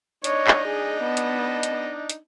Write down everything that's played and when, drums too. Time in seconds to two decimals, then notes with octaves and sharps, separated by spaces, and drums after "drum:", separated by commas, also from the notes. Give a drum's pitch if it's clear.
0.24 D4 D#4 C#5 D#5, drum: hi-hat
0.47 drum: clap
0.67 G#4
1.01 B3 A5
1.17 drum: hi-hat
1.63 drum: hi-hat
2.10 drum: hi-hat